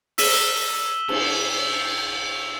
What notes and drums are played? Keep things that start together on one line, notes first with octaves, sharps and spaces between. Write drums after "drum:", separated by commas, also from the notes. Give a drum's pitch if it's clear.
E6 B6 D#7 E7 F#7 G7, drum: open hi-hat
drum: cymbal